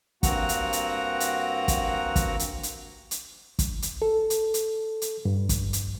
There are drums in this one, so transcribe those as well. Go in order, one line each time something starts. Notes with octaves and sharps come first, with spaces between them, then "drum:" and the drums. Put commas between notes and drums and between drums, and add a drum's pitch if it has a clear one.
G2 A#3 C4 F#4 F#5 A#5, drum: kick, hi-hat
drum: hi-hat
drum: hi-hat
drum: hi-hat
drum: kick, hi-hat
drum: kick, hi-hat
drum: hi-hat
drum: hi-hat
drum: hi-hat
drum: kick, hi-hat
drum: hi-hat
A4
drum: hi-hat
drum: hi-hat
drum: hi-hat
G2
drum: kick, hi-hat
drum: hi-hat